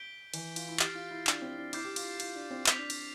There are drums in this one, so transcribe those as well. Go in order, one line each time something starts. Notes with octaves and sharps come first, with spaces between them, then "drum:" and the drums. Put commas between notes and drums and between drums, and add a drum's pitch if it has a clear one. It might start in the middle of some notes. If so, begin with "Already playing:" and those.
Already playing: G6 B6 D7 G7
E3, drum: cymbal
F4, drum: cymbal
E4
G4 F6 A6 C7, drum: clap
F4
E4
D4, drum: clap
C4
D4
E4 D6 G6 C7, drum: cymbal
G4
F4, drum: cymbal
F4, drum: cymbal
D4
C4
C4 G6 B6 F7, drum: clap
D4
D4, drum: cymbal